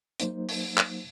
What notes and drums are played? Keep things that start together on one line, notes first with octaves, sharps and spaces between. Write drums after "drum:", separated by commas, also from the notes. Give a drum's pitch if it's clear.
F#3 A#3 D#4 C5, drum: hi-hat
drum: open hi-hat
drum: clap